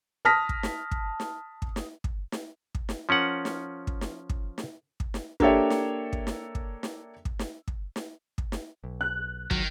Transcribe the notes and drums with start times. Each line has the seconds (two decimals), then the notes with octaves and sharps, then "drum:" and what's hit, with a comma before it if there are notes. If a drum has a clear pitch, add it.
0.25 A5 D#6 F6 A#6 B6
0.49 drum: kick
0.63 drum: snare
0.91 drum: kick
1.20 drum: snare
1.62 drum: kick
1.76 drum: snare
2.04 drum: kick
2.32 drum: snare
2.75 drum: kick
2.89 drum: snare
3.09 F3 C#4 A#4 F#5
3.45 drum: snare
3.87 drum: kick
4.01 drum: snare
4.30 drum: kick
4.58 drum: snare
5.00 drum: kick
5.14 drum: snare
5.40 A#3 D4 G4 A4 C#5 E5, drum: kick
5.70 drum: snare
6.13 drum: kick
6.27 drum: snare
6.55 drum: kick
6.83 drum: snare
7.25 drum: kick
7.39 drum: snare
7.68 drum: kick
7.96 drum: snare
8.38 drum: kick
8.52 drum: snare
8.84 B1
9.01 F#6
9.51 C#2 D#3 F#3, drum: kick